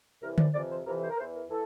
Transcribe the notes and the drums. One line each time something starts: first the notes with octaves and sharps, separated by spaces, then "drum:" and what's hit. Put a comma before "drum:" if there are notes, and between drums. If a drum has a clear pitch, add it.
C2 C3 E3 A#4
D5, drum: tom D3
F2 C3 E3 D5
C5
F2 C3 E3 A#4
C5
A#4
E2 E3 C5
A#4
E3 A4